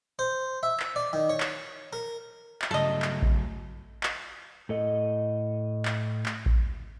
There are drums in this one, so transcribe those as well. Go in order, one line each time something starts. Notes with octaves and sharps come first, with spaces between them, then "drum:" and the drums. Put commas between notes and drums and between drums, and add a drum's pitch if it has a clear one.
C5
E5
drum: clap
D5
D#3
C#5
drum: clap
A#4
drum: clap
G2 C#3 F#3 A3 A4 D#5
drum: clap
drum: kick A1
drum: clap
A2 A4 D#5
drum: clap
drum: clap
drum: kick A1